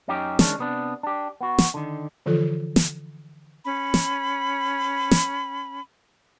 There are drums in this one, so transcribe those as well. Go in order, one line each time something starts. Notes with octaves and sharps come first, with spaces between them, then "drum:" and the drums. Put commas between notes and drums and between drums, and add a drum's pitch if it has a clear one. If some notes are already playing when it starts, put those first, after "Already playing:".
F#2 C#4 D#4 G4
D#3 G#3 C#4 D4, drum: snare
C3 B3 D4
D4 G4
B3 F#4
drum: snare
D3 D#3
D3 E3 F3 F4 A4
drum: snare
C#4 B5
drum: snare
drum: snare